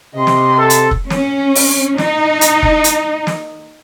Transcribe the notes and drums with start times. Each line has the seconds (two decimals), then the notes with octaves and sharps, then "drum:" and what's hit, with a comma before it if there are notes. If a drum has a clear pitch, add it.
0.15 C3 D#5 C6
0.27 drum: snare
0.59 A4
0.70 drum: hi-hat
0.91 drum: kick F1
1.10 C#4, drum: snare
1.55 drum: open hi-hat
1.98 D#4, drum: snare
2.41 drum: hi-hat
2.63 drum: kick F1
2.84 drum: hi-hat
3.27 drum: snare